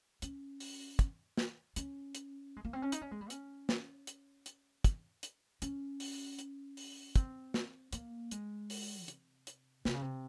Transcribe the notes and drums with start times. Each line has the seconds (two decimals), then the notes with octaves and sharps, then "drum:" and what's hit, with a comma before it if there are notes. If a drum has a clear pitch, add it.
0.22 C#4, drum: hi-hat
0.60 drum: open hi-hat
0.99 drum: kick, hi-hat
1.37 drum: snare
1.76 C#4, drum: hi-hat
2.15 drum: hi-hat
2.57 G#3
2.65 A#3
2.73 C4
2.82 C#4
2.92 D#4, drum: hi-hat
3.01 C#4
3.11 G#3
3.21 G3
3.30 C#4, drum: hi-hat
3.69 drum: snare
4.07 drum: hi-hat
4.46 drum: hi-hat
4.84 drum: kick, hi-hat
5.23 drum: hi-hat
5.62 C#4, drum: hi-hat
6.00 drum: open hi-hat
6.39 drum: hi-hat
6.77 drum: open hi-hat
7.16 C4, drum: kick, hi-hat
7.54 drum: snare
7.93 A#3, drum: hi-hat
8.31 G#3, drum: hi-hat
8.70 drum: open hi-hat
9.08 C3, drum: hi-hat
9.47 drum: hi-hat
9.85 C3, drum: snare
9.94 C#3
10.02 C3